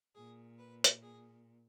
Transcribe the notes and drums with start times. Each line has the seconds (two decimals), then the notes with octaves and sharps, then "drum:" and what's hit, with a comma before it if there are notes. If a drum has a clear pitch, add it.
0.15 A#2 G#4
0.59 B4
0.84 drum: hi-hat
1.02 G#4